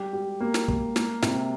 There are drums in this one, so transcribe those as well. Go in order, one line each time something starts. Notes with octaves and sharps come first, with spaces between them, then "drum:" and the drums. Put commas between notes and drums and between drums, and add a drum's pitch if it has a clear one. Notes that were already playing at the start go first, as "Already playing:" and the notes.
Already playing: G3 G4
G4
A#3
drum: snare
A#3, drum: kick
A#3, drum: snare
C3, drum: snare